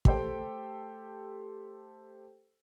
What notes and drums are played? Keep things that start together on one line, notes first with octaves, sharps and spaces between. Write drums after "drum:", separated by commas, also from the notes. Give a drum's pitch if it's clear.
A3 G4 A4 C5 G5, drum: kick